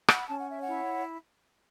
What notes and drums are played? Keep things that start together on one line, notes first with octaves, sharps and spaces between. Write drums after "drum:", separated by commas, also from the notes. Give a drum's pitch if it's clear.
F#5 B5, drum: rim click
C#4 A5
F#5
E5
C#5 F#5
E4